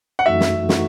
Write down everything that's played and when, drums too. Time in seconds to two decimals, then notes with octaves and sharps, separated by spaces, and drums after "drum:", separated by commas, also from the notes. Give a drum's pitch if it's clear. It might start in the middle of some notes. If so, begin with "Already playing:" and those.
0.19 F#5
0.26 F#2 E3 A3 D#4 F#4 E5
0.40 drum: snare
0.69 E3 A3 D#4 F#4, drum: snare